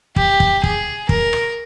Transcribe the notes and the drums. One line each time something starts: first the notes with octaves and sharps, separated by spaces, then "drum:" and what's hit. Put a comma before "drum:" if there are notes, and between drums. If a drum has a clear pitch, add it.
G4, drum: kick
drum: kick
G#4, drum: kick
A#4, drum: kick
drum: rim click